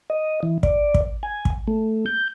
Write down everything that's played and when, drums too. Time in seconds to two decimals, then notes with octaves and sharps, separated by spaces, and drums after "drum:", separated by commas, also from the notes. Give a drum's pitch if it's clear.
0.10 D#5
0.43 E3
0.63 D5, drum: kick
0.94 drum: kick
1.23 G#5
1.45 drum: kick
1.67 A3
2.06 G6